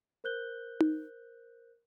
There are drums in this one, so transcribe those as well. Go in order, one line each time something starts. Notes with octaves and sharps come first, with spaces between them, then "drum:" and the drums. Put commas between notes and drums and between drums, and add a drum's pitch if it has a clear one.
A#4 C5 F#6 G6 G7
drum: tom D#4